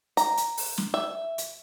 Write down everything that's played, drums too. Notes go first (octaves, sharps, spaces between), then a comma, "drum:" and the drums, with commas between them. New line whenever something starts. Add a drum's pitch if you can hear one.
A#5, drum: hi-hat
drum: hi-hat
drum: open hi-hat
drum: snare
E5
drum: hi-hat